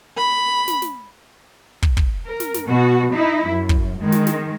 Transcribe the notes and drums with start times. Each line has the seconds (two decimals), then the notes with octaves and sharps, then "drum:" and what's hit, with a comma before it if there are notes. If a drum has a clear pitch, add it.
0.17 B5
0.68 drum: snare
0.82 drum: snare
1.82 drum: kick
1.97 drum: kick
2.26 A#4
2.40 drum: snare
2.54 drum: snare
2.66 B2 F#4
3.12 D#4 E4
3.47 F#2
3.69 drum: kick
4.00 D#3 G#3
4.12 drum: snare
4.27 drum: snare